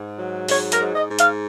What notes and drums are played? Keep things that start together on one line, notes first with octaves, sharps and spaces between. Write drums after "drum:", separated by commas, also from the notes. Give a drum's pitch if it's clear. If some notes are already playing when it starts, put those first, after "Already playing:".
Already playing: G#2
F#3
G#2 C#5, drum: open hi-hat
A#4, drum: hi-hat
G#2
D#5
G#2
F5, drum: hi-hat